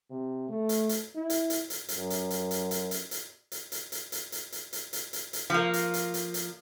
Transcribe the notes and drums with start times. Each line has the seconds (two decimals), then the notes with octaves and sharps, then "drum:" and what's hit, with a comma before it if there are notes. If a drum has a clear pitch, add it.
0.11 C3
0.49 A3
0.69 drum: hi-hat
0.89 drum: hi-hat
1.15 E4
1.30 drum: hi-hat
1.50 drum: hi-hat
1.70 drum: hi-hat
1.88 F#2, drum: hi-hat
2.10 drum: hi-hat
2.30 drum: hi-hat
2.51 drum: hi-hat
2.71 drum: hi-hat
2.91 drum: hi-hat
3.11 drum: hi-hat
3.52 drum: hi-hat
3.72 drum: hi-hat
3.92 drum: hi-hat
4.12 drum: hi-hat
4.32 drum: hi-hat
4.52 drum: hi-hat
4.73 drum: hi-hat
4.93 drum: hi-hat
5.13 drum: hi-hat
5.33 drum: hi-hat
5.50 F3 A#3
5.73 drum: hi-hat
5.94 drum: hi-hat
6.14 drum: hi-hat
6.34 drum: hi-hat